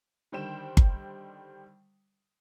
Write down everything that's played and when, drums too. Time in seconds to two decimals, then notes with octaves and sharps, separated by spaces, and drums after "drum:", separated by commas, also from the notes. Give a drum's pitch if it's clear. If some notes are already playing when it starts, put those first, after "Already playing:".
0.32 D3 D#3 G3 C5 G5 E7
0.77 drum: kick G1